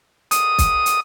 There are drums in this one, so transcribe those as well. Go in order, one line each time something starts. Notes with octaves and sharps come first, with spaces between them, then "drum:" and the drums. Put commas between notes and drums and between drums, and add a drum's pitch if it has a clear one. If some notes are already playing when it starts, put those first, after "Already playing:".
D#6, drum: hi-hat
drum: kick, hi-hat
drum: hi-hat